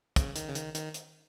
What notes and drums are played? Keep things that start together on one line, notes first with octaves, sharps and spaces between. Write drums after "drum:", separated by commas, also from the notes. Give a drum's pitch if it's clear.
C#3, drum: kick, hi-hat
D#3, drum: hi-hat
C#3
D#3, drum: hi-hat
D#3, drum: hi-hat
drum: hi-hat